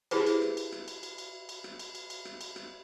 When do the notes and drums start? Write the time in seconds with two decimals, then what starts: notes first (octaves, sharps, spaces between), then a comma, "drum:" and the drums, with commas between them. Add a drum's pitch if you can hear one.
0.11 E4 G4 G#4 B4 C5, drum: cymbal
0.27 drum: cymbal
0.42 drum: rim click
0.57 drum: cymbal
0.72 drum: rim click
0.88 drum: cymbal
1.03 drum: cymbal
1.18 drum: cymbal
1.49 drum: cymbal
1.64 drum: rim click
1.79 drum: cymbal
1.95 drum: cymbal
2.10 drum: cymbal
2.25 drum: rim click
2.41 drum: cymbal
2.56 drum: rim click